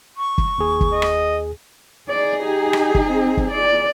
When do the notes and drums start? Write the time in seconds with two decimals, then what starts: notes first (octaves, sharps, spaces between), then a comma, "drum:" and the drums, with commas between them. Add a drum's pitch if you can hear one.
0.17 C#6
0.38 drum: kick
0.58 D#2 G#4
0.81 drum: kick
0.93 D#5
1.02 drum: rim click
2.09 D#4 G#4 D5
2.44 G4
2.73 drum: rim click
2.95 drum: kick
3.08 C4
3.37 drum: kick
3.51 D5